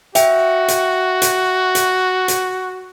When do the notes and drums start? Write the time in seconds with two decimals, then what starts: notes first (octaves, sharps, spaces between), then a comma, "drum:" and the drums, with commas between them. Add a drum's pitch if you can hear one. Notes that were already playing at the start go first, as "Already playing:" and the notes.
0.15 F#4 E5 G5, drum: hi-hat
0.68 drum: hi-hat
1.22 drum: hi-hat
1.75 drum: hi-hat
2.28 drum: hi-hat